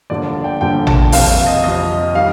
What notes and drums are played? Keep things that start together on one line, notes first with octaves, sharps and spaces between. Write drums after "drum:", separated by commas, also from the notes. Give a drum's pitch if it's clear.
G1 G2 D3 F3 A#3 D5
G5
G1 G2 D3 F3 A#3 G5
A5, drum: tom A1
F2 C3 F3 F5, drum: open hi-hat
D#5
F2 C3 F3 D#5
D#3 G3 F5